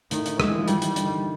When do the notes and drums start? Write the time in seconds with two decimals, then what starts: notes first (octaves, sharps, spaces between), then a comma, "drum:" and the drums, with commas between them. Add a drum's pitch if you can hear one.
0.11 A2 D#3, drum: hi-hat
0.26 D3, drum: hi-hat
0.40 D#3 G#3, drum: rim click
0.49 E3
0.58 F3
0.68 E3 G3, drum: hi-hat
0.82 D#3, drum: hi-hat
0.96 D3, drum: hi-hat
1.05 D#3